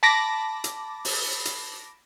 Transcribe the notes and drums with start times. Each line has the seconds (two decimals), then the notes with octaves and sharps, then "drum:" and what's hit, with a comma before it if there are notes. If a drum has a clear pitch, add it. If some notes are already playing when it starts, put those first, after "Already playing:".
0.03 A5 B5 D6 A#6
0.64 drum: hi-hat
1.05 drum: open hi-hat
1.45 drum: hi-hat